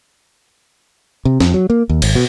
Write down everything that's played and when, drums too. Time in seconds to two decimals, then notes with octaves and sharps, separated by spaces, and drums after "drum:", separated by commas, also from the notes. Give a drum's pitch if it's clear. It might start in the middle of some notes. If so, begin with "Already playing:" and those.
1.25 C3
1.40 F2, drum: snare
1.54 F#3
1.70 A#3
1.89 D#2
2.02 G#1, drum: cymbal
2.15 B2